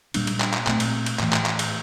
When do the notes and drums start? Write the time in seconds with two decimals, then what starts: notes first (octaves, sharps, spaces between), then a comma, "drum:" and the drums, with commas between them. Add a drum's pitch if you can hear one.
0.14 A#2 G3 A#3 D4, drum: cymbal
0.27 drum: cymbal
0.40 drum: clap
0.54 drum: clap
0.67 A#2 A3 C4, drum: clap
0.80 drum: cymbal
1.06 drum: cymbal
1.19 A2 E3 A3, drum: clap
1.33 drum: clap
1.46 drum: clap
1.59 drum: cymbal